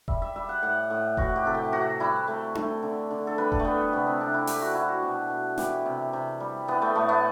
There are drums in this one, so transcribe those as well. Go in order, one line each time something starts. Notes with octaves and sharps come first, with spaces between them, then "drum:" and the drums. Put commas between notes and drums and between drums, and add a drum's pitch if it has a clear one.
G3 E5, drum: kick E1
E5
G3 E5
F#5
A2 F#5
A2
E3 F#4, drum: kick E1
G4
C3 A4
G4
C3 F#4
G3 E4
A3
A3, drum: tom D4
D3
D3
A4
G3 B4
A4, drum: kick E1
A3
G3 B3
C3 B3
C4
C3 D4
E4
A3 G4, drum: open hi-hat
F#4
A3 E4
F#4
B2
B2
E3 G4, drum: snare
C3
C3
G3
E3 B3
A3
A2 A3
B3